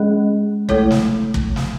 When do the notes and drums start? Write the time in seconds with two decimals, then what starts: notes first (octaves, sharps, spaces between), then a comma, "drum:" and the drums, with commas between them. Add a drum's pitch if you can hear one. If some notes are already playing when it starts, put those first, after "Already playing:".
Already playing: G#3 C#4 G#4 D#5
0.69 A3 E4 A4 C#5, drum: kick
0.91 drum: snare
1.34 drum: kick
1.56 drum: snare